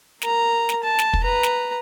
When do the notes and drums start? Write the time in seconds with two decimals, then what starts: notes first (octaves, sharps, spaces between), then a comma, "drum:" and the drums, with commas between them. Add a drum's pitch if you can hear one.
0.22 A#4 A#5, drum: snare
0.69 drum: snare
0.84 A5
0.99 drum: snare
1.13 drum: kick
1.24 B4 A#5
1.43 drum: snare